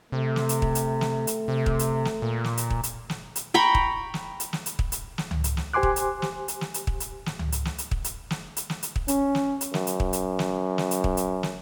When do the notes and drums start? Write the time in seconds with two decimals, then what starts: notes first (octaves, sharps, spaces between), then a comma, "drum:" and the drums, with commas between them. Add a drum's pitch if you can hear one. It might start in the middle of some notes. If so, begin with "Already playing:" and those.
0.12 C3 A3
0.36 drum: snare
0.49 drum: hi-hat
0.62 drum: kick
0.75 drum: hi-hat
1.01 drum: snare
1.27 drum: hi-hat
1.48 C3
1.66 drum: kick
1.79 drum: hi-hat
2.05 drum: snare
2.22 A#2
2.44 drum: snare
2.57 drum: hi-hat
2.70 drum: kick
2.83 drum: hi-hat
3.10 drum: snare
3.36 drum: hi-hat
3.54 G5 A#5 B5 C#6
3.75 drum: kick
4.14 drum: snare
4.40 drum: hi-hat
4.53 drum: snare
4.66 drum: hi-hat
4.79 drum: kick
4.92 drum: hi-hat
5.18 drum: snare
5.31 drum: tom C#2
5.44 drum: hi-hat
5.57 drum: snare
5.74 G4 C5 G#5 C6 D6 F#6
5.83 drum: kick
5.96 drum: hi-hat
6.22 drum: snare
6.48 drum: hi-hat
6.61 drum: snare
6.74 drum: hi-hat
6.87 drum: kick
7.00 drum: hi-hat
7.26 drum: snare
7.39 drum: tom C#2
7.52 drum: hi-hat
7.65 drum: snare
7.78 drum: hi-hat
7.91 drum: kick
8.04 drum: hi-hat
8.30 drum: snare
8.57 drum: hi-hat
8.70 drum: snare
8.83 drum: hi-hat
8.96 drum: kick
9.08 C#4, drum: hi-hat
9.35 drum: snare
9.61 drum: hi-hat
9.74 F#2, drum: snare
9.87 drum: hi-hat
10.00 drum: kick
10.13 drum: hi-hat
10.39 drum: snare
10.78 drum: snare
10.91 drum: hi-hat
11.04 drum: kick
11.17 drum: hi-hat
11.43 drum: snare